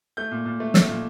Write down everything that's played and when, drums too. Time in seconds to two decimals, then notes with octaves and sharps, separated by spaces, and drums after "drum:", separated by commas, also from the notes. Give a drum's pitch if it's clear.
0.17 A3 G6
0.31 A#2
0.46 A#2
0.60 A3
0.74 A3 E6, drum: snare
0.89 A#2